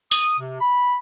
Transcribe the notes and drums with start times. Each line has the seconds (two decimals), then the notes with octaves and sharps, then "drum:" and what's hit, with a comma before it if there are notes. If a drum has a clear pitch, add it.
0.11 D#6, drum: tambourine
0.40 C3
0.61 B5